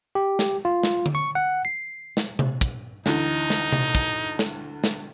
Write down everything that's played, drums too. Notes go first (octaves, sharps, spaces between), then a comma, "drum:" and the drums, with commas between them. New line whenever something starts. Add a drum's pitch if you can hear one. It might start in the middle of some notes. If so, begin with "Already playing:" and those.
G4
drum: snare
F4
drum: snare
drum: tom D3
C#6
F#5
C7
drum: snare
drum: tom C3
drum: kick, hi-hat
D2 D3 E3 D#4, drum: snare
drum: snare
drum: tom C3
drum: kick, hi-hat
drum: snare
drum: snare